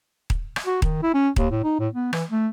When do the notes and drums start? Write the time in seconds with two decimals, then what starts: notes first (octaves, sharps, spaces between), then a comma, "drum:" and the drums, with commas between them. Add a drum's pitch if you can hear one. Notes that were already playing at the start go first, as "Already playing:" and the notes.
0.30 drum: kick D#1
0.56 drum: rim click
0.66 F#4
0.82 D#3, drum: kick D#1
1.03 E4
1.14 C#4
1.36 D#2, drum: kick D#1
1.51 A2
1.64 D#4
1.80 A2
1.93 B3
2.13 E3, drum: rim click
2.31 A3